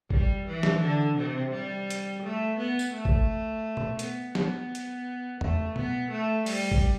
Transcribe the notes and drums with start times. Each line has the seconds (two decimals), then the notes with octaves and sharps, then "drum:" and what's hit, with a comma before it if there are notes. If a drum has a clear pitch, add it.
0.10 G3, drum: kick
0.47 E3
0.63 drum: snare
0.82 D3
1.17 C3
1.53 G3
1.90 drum: hi-hat
2.23 A3
2.58 B3
2.79 drum: tambourine
2.93 A3
3.05 drum: kick
3.77 drum: tom B2
3.99 B3, drum: hi-hat
4.35 B3, drum: snare
4.75 drum: hi-hat
5.41 A3, drum: tom E2
5.76 B3, drum: tom B2
6.11 A3
6.46 G3, drum: open hi-hat
6.71 drum: kick